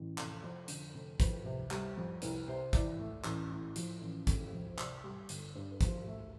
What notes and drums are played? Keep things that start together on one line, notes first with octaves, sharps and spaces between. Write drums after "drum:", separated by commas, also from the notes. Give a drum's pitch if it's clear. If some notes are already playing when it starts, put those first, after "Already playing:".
Already playing: A1
F1, drum: clap
F2
D3, drum: hi-hat
F1
F2 B4, drum: kick, hi-hat
C3
G3, drum: clap
F2
C2 B4, drum: hi-hat
C3 C5
E3 D5, drum: kick, hi-hat
A3
A1, drum: clap
A2
F3, drum: hi-hat
A1
F1, drum: kick, hi-hat
F2
C5
C3 D5, drum: clap
G3
G1, drum: hi-hat
G2
B4
F3 C5, drum: kick, hi-hat
A3